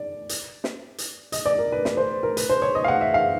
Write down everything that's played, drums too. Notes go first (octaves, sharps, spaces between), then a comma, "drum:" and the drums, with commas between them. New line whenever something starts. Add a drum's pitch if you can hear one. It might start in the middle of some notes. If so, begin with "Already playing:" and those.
Already playing: D5
drum: hi-hat
drum: snare
drum: hi-hat
D#5, drum: hi-hat
D5
A#4
B4
B4, drum: snare
C5
A#4
B4, drum: hi-hat
C5
C#5
D#5
F5
F#5
E5
F5